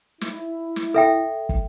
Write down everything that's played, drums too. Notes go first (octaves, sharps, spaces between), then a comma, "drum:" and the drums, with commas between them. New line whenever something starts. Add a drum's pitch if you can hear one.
E4, drum: snare
drum: snare
A4 E5 G5
drum: kick